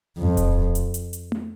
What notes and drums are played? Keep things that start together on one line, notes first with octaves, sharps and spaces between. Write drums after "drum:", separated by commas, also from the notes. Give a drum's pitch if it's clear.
F2
drum: kick D#1, hi-hat
drum: hi-hat
drum: hi-hat
drum: hi-hat
drum: tom A3